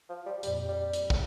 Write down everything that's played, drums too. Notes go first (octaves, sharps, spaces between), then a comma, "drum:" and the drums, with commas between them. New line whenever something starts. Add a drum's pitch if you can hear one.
F3
G3
F2 A#2 G3, drum: hi-hat
G3
drum: hi-hat
drum: kick